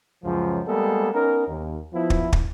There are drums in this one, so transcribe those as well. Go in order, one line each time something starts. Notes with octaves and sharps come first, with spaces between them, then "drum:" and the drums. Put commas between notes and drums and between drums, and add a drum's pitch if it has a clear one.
C#2 F#2 F3
G3 G#3 A#3 B3 G#4 A4
B3 C#4 D#4 A#4
D#2
F3 B3 E4
drum: kick
drum: kick